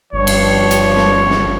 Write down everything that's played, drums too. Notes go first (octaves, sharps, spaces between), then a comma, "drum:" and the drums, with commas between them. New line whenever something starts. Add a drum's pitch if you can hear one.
G1 G2 F3 C#5
drum: cymbal
drum: hi-hat
drum: snare
drum: snare